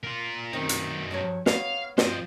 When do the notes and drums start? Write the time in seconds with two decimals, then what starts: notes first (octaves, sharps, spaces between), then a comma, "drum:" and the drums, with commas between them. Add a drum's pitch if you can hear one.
0.04 F4 A#4
0.53 F#2 D#3 C4 D#4
0.69 drum: hi-hat
1.11 G2 F#3 C#5
1.46 B3 C#5 F5, drum: snare
1.98 F3 G3 C4 C5 D#5, drum: snare